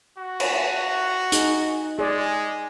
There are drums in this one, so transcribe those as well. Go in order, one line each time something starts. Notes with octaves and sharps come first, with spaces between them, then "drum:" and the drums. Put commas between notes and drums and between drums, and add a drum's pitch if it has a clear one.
F#4
drum: cymbal
D#4 G#4, drum: hi-hat
G#3 G#4 D5